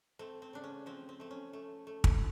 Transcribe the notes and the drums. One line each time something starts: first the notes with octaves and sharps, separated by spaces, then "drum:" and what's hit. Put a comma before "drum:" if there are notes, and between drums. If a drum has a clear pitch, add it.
A3 C4
C4
C#3 D4
C#4
F3 C4
C4
A3 C4
C#4
A3
A3
drum: kick